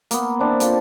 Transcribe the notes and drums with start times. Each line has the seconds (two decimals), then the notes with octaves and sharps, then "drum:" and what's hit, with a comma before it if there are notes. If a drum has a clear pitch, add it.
0.11 A#3 B3, drum: hi-hat
0.39 C4 D4 E4
0.60 F4 A4, drum: hi-hat